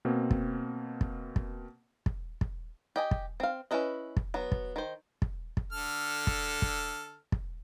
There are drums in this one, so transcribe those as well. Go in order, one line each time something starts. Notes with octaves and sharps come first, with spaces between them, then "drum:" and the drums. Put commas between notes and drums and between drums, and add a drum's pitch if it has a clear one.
B2 A#3 C4
drum: kick
drum: kick
drum: kick
drum: kick
drum: kick
G4 D#5 G#5
drum: kick
C4 F5
C#4 D#4 E4 B4 D#5
drum: kick
F#3 B3
drum: kick
D#3 C5
drum: kick
drum: kick
D3 A4 F6
drum: kick
drum: kick
drum: kick